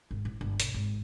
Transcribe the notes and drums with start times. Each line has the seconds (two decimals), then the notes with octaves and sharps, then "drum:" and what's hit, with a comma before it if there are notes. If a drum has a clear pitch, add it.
0.11 G#1
0.25 A1
0.41 G1
0.60 B1, drum: hi-hat
0.74 G#1